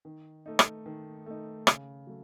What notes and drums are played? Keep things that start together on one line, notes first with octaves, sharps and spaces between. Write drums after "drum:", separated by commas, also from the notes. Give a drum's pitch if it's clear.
D#3
A3 D#4
drum: rim click
D#3
A3 D#4
C#3, drum: rim click
F#3 A3